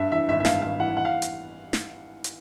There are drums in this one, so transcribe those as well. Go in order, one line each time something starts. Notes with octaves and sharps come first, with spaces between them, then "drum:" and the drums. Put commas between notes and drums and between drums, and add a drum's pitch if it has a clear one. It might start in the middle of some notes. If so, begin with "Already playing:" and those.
Already playing: G2 E5
E3 E5
G#1 E5
E5
G2 F5, drum: snare
G#1 F5
E3 F#5
F#5
F5
drum: hi-hat
drum: snare
drum: hi-hat